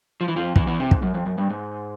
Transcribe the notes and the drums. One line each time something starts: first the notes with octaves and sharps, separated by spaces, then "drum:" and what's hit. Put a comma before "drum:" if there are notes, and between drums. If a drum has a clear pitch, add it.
F3
E3
F2 F3
E2 E3, drum: kick
E2 E3
C3
G#2, drum: kick
F#2
F2
F#2
G2
G#2